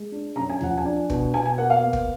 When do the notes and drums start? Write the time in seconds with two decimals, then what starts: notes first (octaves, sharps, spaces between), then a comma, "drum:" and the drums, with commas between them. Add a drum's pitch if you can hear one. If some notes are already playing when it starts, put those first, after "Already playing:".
Already playing: G#3
0.12 D4
0.36 F#2 A#5
0.50 G#5
0.61 F3 F#5, drum: tom D#2
0.77 G#5
0.85 D4
1.10 B2, drum: kick
1.34 B2 G#5
1.46 G#5
1.58 A#3 F#5
1.70 F5
1.83 B3
1.93 drum: kick